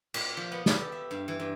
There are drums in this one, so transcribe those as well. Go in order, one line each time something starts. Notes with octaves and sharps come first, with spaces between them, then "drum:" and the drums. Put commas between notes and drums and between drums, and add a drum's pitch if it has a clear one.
A#2, drum: cymbal
F3
B3
G4, drum: snare
A4
E5
G2
E3
G2